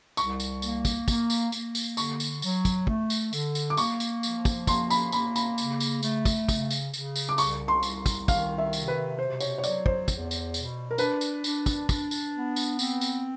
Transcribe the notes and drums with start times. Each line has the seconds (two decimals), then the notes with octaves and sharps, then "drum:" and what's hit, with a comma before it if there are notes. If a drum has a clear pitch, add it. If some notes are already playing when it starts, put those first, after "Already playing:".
0.17 C2 C#6, drum: tambourine
0.40 drum: tambourine
0.62 A#3, drum: tambourine
0.85 drum: kick, tambourine
1.08 A#3, drum: kick, tambourine
1.30 drum: tambourine
1.52 A#3, drum: tambourine
1.75 drum: tambourine
1.97 D3 C#6, drum: tambourine
2.20 drum: tambourine
2.42 F#3, drum: tambourine
2.65 drum: kick, tambourine
2.87 A3, drum: kick
3.10 drum: tambourine
3.33 D3, drum: tambourine
3.55 drum: tambourine
3.70 D6
3.77 A#3 C#6, drum: tambourine
4.00 drum: tambourine
4.23 F3, drum: tambourine
4.45 drum: kick, tambourine
4.67 A#3 C6, drum: kick, tambourine
4.90 B5, drum: tambourine
5.12 A#3 B5, drum: tambourine
5.36 B5, drum: tambourine
5.58 C#3, drum: tambourine
5.80 drum: tambourine
6.03 A3, drum: tambourine
6.25 drum: kick, tambourine
6.48 C#3, drum: kick, tambourine
6.70 drum: tambourine
6.94 C#3, drum: tambourine
7.16 drum: tambourine
7.29 D6
7.38 C2 C#6, drum: tambourine
7.68 C6
7.83 C2, drum: tambourine
8.06 drum: kick, tambourine
8.28 D#3 F5, drum: kick, tambourine
8.58 E5
8.73 C3, drum: tambourine
8.88 B4
9.19 B2 C5
9.40 C#5, drum: tambourine
9.58 C#5
9.64 F#3 D5, drum: tambourine
9.86 C5, drum: kick
10.08 E2, drum: kick, tambourine
10.31 drum: tambourine
10.54 B2, drum: tambourine
10.91 A#4
10.98 D4 B4, drum: tambourine
11.21 drum: tambourine
11.44 D4, drum: tambourine
11.66 drum: kick, tambourine
11.89 D4, drum: kick, tambourine
12.11 drum: tambourine
12.34 B3
12.56 drum: tambourine
12.79 C4, drum: tambourine
13.01 drum: tambourine